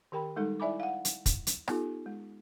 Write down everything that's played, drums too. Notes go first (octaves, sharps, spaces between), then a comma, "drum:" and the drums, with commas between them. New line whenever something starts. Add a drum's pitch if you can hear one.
D#3 G4 A#4 G5 B5
G3 G#3 D#4 A4
E4 D5 E5 G#5 B5 D6
F5 F#5
drum: hi-hat
drum: kick, hi-hat
drum: hi-hat
B3 D#4 F4 G4 A4, drum: rim click
G#3